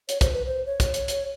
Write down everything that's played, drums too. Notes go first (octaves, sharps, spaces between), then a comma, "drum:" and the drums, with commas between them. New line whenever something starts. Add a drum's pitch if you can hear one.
C#5, drum: hi-hat
C5, drum: kick, hi-hat
B4
C5
C#5
drum: kick, hi-hat
C#5, drum: hi-hat
drum: hi-hat